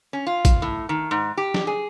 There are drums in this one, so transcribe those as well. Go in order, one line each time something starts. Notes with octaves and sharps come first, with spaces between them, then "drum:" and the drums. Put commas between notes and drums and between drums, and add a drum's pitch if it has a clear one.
C#4
F4
drum: kick, hi-hat
A2
D#3
G#2
G4
drum: snare
G#4